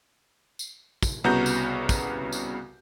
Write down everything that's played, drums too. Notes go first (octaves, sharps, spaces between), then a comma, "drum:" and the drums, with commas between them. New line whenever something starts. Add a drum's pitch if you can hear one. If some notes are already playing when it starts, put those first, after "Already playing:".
drum: tambourine
drum: kick, tambourine
C2 C#3 B3 F#4 A#5 G6
drum: tambourine
drum: kick, tambourine
drum: tambourine